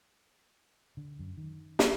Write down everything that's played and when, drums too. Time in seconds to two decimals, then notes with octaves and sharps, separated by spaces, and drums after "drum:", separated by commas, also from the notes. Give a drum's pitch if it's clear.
0.97 D3
1.19 F#2
1.37 D#3
1.79 drum: snare